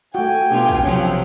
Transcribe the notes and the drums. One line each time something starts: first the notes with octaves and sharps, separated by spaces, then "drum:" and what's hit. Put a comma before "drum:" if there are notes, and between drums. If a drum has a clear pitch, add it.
A3 F#4 G5 G#5
B2 A3 D4 F4 G4
drum: kick
C3 F3 F#3 C#4